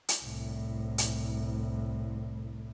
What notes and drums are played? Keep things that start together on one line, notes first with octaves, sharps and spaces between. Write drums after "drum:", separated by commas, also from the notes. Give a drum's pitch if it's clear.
drum: hi-hat
C2 A2
drum: hi-hat